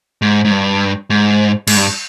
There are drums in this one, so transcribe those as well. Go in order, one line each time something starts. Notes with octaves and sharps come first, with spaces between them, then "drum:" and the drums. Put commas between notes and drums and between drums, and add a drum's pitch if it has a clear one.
G#2
G#2
G2
G#2
G#2, drum: cymbal
G2